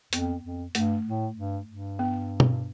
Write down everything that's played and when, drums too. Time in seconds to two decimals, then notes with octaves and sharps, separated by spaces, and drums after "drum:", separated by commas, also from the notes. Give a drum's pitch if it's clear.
0.13 F2 B3, drum: hi-hat
0.43 F2
0.75 G2 A3, drum: hi-hat
1.06 A2
1.37 G2
1.69 G2
1.99 B3
2.40 drum: tom B2